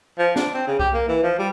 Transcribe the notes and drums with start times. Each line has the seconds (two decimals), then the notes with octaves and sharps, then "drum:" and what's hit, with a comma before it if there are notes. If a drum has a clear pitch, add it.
0.19 F3
0.36 D4, drum: snare
0.54 C4
0.67 C#3
0.80 G4, drum: kick C2
0.94 A#3
1.08 E3
1.23 F3
1.39 G3